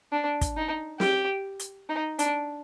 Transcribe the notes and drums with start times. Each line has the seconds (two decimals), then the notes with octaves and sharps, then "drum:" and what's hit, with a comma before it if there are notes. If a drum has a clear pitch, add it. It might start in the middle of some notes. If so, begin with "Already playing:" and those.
0.12 D4
0.41 drum: kick, hi-hat
0.57 D#4
1.00 G4, drum: snare
1.59 drum: hi-hat
1.89 D#4
2.19 D4, drum: hi-hat